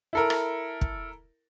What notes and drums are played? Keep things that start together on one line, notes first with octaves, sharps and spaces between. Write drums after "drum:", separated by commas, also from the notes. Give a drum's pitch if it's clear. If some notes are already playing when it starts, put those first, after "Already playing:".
E4 A4 A#4
drum: rim click
drum: kick